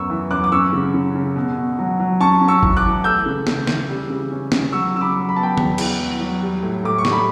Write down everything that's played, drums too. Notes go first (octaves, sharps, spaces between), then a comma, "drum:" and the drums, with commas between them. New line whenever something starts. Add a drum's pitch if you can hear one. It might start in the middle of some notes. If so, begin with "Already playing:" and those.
Already playing: F#2 B3 C#6 E6
E3
F#2 D6 F#6
D6
C#4 C#6 E6
C#3
C#3
C#3
B2
B2
F#3
F#3
C#4 A5 C#6
C#4
C#6 E6
E3, drum: kick G#1
D6 F#6
E3
A3 E6 G6
C#3
C#3, drum: snare
E3, drum: snare
G3
C#3
C#4
C#4, drum: snare
F#3 C#6 E6
C#3 E6
B5 D6
F#3
B5
B3 A5
G5 B5
E2, drum: tom D#3
E2, drum: cymbal
F#3
F#3
G3
A2
A2 D6
C#6
G3, drum: snare
B5